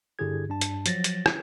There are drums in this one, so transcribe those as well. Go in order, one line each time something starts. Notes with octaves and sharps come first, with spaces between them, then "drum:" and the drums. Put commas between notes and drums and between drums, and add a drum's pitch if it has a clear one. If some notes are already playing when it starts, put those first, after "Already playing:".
G2 D3 E4 G4 G#4 G#6
G2 D4 A5
drum: hi-hat
F3 F#3 A6 A#6, drum: hi-hat
drum: hi-hat
drum: rim click